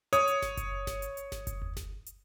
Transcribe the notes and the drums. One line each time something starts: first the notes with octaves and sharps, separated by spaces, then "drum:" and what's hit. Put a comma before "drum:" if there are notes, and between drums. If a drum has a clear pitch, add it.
C#5 D#6, drum: hi-hat
drum: hi-hat
drum: snare G1
drum: kick F#1, hi-hat
drum: snare G1
drum: hi-hat
drum: hi-hat
drum: snare G1
drum: kick F#1, hi-hat
drum: tom D#2
drum: snare G1
drum: hi-hat